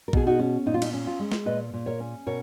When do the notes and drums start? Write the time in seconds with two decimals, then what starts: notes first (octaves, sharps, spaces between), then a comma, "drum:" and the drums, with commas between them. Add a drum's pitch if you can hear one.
0.08 A#4
0.13 B2 G#4, drum: kick A#1
0.27 D#4 F#4
0.39 C#4
0.66 A#2 D#4
0.74 F4
0.82 D#4, drum: cymbal
0.93 C#4
1.07 F4
1.19 G#3
1.32 drum: snare
1.46 A#2 B4 D#5
1.73 A#2
1.86 A#4 C#5
2.00 C#4
2.27 B2 A#4 C#5